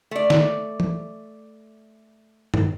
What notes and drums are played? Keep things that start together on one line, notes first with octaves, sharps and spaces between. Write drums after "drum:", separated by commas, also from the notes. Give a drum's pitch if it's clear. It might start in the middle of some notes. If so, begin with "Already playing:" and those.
A3 D5
drum: snare
drum: tom E3
drum: tom G2